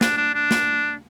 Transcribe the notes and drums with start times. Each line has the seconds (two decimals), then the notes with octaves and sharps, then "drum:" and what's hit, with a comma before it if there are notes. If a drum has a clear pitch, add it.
0.01 D4, drum: snare
0.17 D4
0.35 D4
0.51 drum: snare